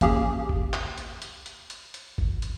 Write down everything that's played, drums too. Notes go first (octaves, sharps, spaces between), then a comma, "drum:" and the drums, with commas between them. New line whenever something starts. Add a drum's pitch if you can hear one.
A#1 A#3 C#4 G4 G#4, drum: kick G#1, hi-hat
drum: kick G#1
drum: clap
drum: hi-hat
drum: hi-hat
drum: hi-hat
drum: hi-hat
drum: hi-hat
drum: kick G#1
drum: hi-hat